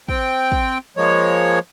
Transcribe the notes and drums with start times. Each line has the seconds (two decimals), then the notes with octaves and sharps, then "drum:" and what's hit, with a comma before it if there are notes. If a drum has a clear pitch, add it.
0.09 C4 G5, drum: kick
0.52 drum: kick
0.97 F3 G#3 A#3 C#5